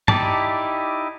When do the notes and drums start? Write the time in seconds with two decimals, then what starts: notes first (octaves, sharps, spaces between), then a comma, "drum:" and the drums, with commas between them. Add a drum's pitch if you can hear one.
0.08 D#4 E4 G4 D5 A5, drum: tom G2